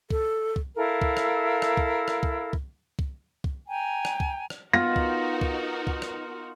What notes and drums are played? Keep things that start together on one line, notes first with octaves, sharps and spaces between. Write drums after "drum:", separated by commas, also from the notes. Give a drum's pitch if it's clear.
A4, drum: kick C2
drum: kick C2
E4 A4 A#4 F5
drum: kick C2
drum: rim click
drum: rim click
drum: kick C2
drum: rim click
drum: kick C2
drum: kick C2
drum: kick C2
drum: kick C2
G5 G#5 A#5
drum: rim click
drum: kick C2
drum: rim click
B3 D#4 F4 F#4 A#4 A#6
drum: kick C2
drum: kick C2
drum: kick C2
drum: rim click